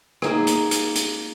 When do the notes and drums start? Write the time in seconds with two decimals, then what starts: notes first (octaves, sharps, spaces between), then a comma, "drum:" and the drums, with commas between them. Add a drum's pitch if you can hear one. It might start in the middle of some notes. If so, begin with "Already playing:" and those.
0.22 A#3 D#4 G#4, drum: rim click
0.47 drum: hi-hat
0.71 drum: hi-hat
0.96 drum: hi-hat